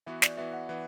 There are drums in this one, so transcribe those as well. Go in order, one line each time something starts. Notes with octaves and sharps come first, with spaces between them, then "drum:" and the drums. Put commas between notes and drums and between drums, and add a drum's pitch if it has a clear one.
E3 B3 F#4 E5
D5, drum: snare
E3 B3 F#4 E5
F#5
E3 B3